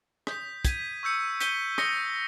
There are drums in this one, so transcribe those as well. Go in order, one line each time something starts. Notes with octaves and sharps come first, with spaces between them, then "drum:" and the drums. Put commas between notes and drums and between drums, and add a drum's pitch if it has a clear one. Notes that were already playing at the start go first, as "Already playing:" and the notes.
D#6 G6 B6, drum: rim click
G#6 B6 D#7, drum: kick, hi-hat
C#6 E6 G6 C#7
G6 B6 D#7 G7, drum: hi-hat
D#6 A#6 C#7 G7, drum: rim click